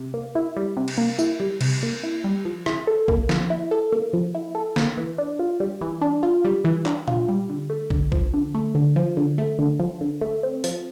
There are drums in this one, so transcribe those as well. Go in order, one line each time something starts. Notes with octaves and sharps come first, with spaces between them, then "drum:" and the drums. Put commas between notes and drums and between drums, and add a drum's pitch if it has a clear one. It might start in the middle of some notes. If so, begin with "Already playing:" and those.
Already playing: C3
A#3
E4
G3
C3
drum: cymbal
A#3
E4, drum: tambourine
G3
C3, drum: cymbal
A#3
E4
G3
F3
E4, drum: rim click
A4
A#3, drum: kick
F3, drum: snare
E4
A4
A#3
F3
E4
A4
A#3, drum: snare
E3
D4
F4
G3
E3
D4
F4
G3
E3
D4, drum: clap
F4, drum: tom A#2
G3
D3
A3
D3, drum: kick
F3, drum: kick
D3
A3
D3
F3
D3
A3
D3
F3
D3
A3
C4
F3, drum: open hi-hat